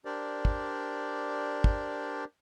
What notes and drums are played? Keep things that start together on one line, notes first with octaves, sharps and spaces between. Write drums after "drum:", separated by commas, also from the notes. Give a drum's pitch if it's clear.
D4 G4 A#4 C5 D5
drum: kick
drum: kick